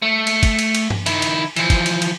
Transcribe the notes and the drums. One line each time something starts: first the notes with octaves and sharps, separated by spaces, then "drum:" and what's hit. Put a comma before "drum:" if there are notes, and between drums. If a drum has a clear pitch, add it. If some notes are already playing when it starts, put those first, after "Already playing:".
A3
drum: cymbal
drum: kick, cymbal
drum: cymbal
drum: cymbal
drum: tom G2
D#3 E4, drum: cymbal
drum: cymbal
E3 F3, drum: cymbal
drum: kick, cymbal
drum: cymbal
drum: cymbal